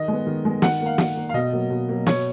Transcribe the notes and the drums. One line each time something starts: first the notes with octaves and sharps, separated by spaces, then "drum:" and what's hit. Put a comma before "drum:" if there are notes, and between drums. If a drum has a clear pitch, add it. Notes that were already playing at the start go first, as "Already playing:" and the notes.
Already playing: D#3 D#5
G#3 B3
D#3
G#3 B3
D#3 F#5, drum: snare
A#3
F5
D#3, drum: snare
A#3
F5
B2 D#5
F#3 A#3
B2
F#3 A#3
B2 C#5, drum: snare